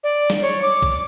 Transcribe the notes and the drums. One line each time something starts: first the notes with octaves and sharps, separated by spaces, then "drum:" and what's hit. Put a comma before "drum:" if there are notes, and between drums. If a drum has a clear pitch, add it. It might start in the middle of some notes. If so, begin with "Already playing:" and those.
D5
drum: snare
C#5
D6
drum: kick